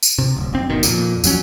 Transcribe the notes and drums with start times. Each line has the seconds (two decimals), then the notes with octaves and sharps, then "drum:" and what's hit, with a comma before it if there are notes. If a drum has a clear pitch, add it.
0.03 drum: tambourine
0.18 C3
0.37 D1
0.53 F#1 C4
0.69 G1 B2 D#3
0.83 F2 A#2, drum: tambourine
1.24 F2 F#3 C#4, drum: tambourine